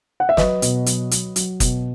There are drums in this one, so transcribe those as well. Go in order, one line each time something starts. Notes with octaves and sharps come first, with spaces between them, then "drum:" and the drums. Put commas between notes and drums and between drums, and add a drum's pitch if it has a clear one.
F#5
E5
F#3 B4 D#5, drum: snare
B2, drum: hi-hat
F#3, drum: hi-hat
F#3, drum: hi-hat
F#3, drum: hi-hat
B2, drum: kick F#1, hi-hat